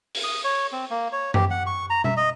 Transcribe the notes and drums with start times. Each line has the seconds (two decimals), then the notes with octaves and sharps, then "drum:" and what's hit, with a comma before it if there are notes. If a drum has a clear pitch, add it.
0.15 drum: open hi-hat
0.24 D#6
0.44 C#5
0.73 C4
0.90 A#3
1.12 C#5
1.34 G4, drum: tom F#2
1.50 F#5
1.67 C#6
1.90 A#5
2.04 E5, drum: tom B2
2.17 D#5